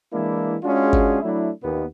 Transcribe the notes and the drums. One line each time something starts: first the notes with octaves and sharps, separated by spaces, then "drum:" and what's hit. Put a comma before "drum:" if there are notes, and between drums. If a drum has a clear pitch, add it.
E3 G#3 A#3 D4 E4
G#3 C#4 D4 F4 F#4 G#4
drum: kick G1
F#3 A3 D4 E4
D#2 A#2 B3